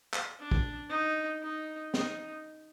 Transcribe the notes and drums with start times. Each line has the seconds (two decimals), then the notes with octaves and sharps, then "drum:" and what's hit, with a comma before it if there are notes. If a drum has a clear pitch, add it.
0.14 drum: clap
0.39 D4
0.51 drum: kick
0.90 D#4
1.42 D#4
1.94 D#4, drum: snare